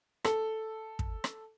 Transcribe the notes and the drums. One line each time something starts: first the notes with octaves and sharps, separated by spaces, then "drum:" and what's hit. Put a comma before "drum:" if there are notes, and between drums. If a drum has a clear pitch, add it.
A4, drum: rim click
drum: kick
drum: rim click